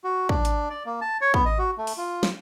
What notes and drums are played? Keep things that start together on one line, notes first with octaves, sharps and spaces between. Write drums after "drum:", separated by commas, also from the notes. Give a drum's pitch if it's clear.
F#4
D4, drum: kick
drum: hi-hat
D5
A#3
A5
C#5
B3, drum: kick
D#5
F#4
A3
drum: open hi-hat
F4
drum: snare